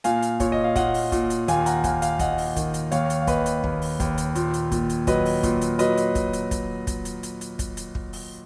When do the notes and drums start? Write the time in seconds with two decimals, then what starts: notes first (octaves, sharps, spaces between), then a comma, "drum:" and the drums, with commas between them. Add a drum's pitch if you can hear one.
0.04 A#2 F5 G#5, drum: hi-hat
0.22 drum: hi-hat
0.40 A#2 C#5, drum: kick, hi-hat
0.52 D#5
0.64 F5
0.76 A#2 D#5 F#5, drum: kick, hi-hat
0.94 drum: open hi-hat
1.12 A#2, drum: kick, hi-hat
1.30 drum: hi-hat
1.48 D#2 F5 G#5, drum: hi-hat
1.66 F#5 A#5, drum: hi-hat
1.84 D#2 F5 G#5, drum: kick, hi-hat
2.02 F5 G#5, drum: hi-hat
2.19 D#2 D#5 F#5, drum: kick, hi-hat
2.38 drum: open hi-hat
2.56 D#3, drum: kick, hi-hat
2.74 drum: hi-hat
2.92 D#2 C#5 F5, drum: hi-hat
3.10 drum: hi-hat
3.22 F5
3.27 D#2 B4 D#5, drum: kick, hi-hat
3.46 drum: hi-hat
3.64 D#2, drum: kick
3.82 drum: open hi-hat
4.00 D#2, drum: kick, hi-hat
4.18 drum: hi-hat
4.35 A#2, drum: hi-hat
4.54 drum: hi-hat
4.72 A#2, drum: kick, hi-hat
4.89 drum: hi-hat
5.07 F#3 B4 D#5, drum: kick, hi-hat
5.25 drum: open hi-hat
5.43 A#2, drum: kick, hi-hat
5.61 drum: hi-hat
5.79 F#3 B4 D#5, drum: hi-hat
5.97 drum: hi-hat
6.15 drum: kick, hi-hat
6.33 drum: hi-hat
6.51 drum: kick, hi-hat
6.87 drum: kick, hi-hat
7.05 drum: hi-hat
7.23 drum: hi-hat
7.41 drum: hi-hat
7.59 drum: kick, hi-hat
7.77 drum: hi-hat
7.95 drum: kick
8.13 drum: open hi-hat